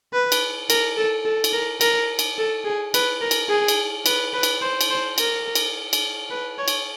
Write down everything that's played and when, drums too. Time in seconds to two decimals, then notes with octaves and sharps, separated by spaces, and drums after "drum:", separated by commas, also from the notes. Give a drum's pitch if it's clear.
0.13 B4
0.32 drum: cymbal
0.70 A#4, drum: cymbal
0.97 A4
1.25 A4
1.44 drum: cymbal
1.53 A#4
1.81 A#4, drum: cymbal
2.19 drum: cymbal
2.38 A4
2.65 G#4
2.94 B4, drum: cymbal
3.21 A#4
3.31 drum: cymbal
3.49 G#4
3.68 drum: cymbal
4.06 B4, drum: cymbal
4.34 B4
4.43 drum: cymbal
4.62 C5
4.81 drum: cymbal
4.90 C5
5.18 A#4, drum: cymbal
5.55 drum: cymbal
5.93 drum: cymbal
6.30 B4
6.58 C#5
6.68 drum: cymbal